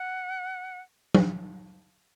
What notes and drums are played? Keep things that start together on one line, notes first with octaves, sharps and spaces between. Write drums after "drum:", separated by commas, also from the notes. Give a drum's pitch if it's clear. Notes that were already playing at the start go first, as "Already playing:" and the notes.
Already playing: F#5
drum: tom F#3